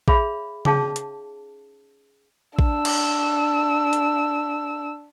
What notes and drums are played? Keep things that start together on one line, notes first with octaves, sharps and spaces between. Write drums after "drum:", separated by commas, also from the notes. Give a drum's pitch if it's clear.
G#4 C#5 E5 F5 B5, drum: kick A1
C#4 D#4 G#4 C#5 F5 A5, drum: tom C#3
drum: hi-hat
D4 E6, drum: kick A1
drum: cymbal
drum: hi-hat